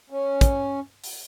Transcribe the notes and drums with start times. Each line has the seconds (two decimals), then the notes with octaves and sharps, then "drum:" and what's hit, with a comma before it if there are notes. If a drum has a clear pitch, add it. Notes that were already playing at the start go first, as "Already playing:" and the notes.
0.10 C#4
0.41 drum: kick, hi-hat
1.04 drum: open hi-hat